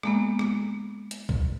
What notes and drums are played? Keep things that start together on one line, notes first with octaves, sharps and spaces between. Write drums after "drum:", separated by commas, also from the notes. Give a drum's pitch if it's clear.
G#3 A#3 B3, drum: rim click
drum: rim click
drum: hi-hat
drum: kick B1